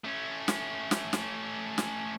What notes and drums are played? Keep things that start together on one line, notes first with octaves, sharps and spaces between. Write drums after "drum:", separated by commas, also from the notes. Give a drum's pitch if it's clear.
A3 C#4
drum: snare
drum: snare
drum: snare
drum: snare